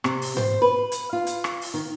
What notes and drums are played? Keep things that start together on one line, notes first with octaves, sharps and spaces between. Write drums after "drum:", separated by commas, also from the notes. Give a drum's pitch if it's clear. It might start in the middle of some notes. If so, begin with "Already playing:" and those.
C3, drum: rim click
drum: open hi-hat
C5, drum: tom G#2
B4
drum: hi-hat
F4
drum: hi-hat
drum: rim click
drum: open hi-hat
D#3